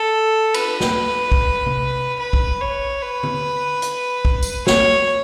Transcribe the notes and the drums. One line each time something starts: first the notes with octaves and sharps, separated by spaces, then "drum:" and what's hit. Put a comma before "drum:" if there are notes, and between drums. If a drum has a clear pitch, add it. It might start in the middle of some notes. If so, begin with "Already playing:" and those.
Already playing: A4
B4, drum: cymbal
drum: snare
drum: kick
drum: tom C3
B4
drum: kick
C#5
B4
drum: tom D3
drum: hi-hat
drum: kick
drum: tambourine
C#5, drum: snare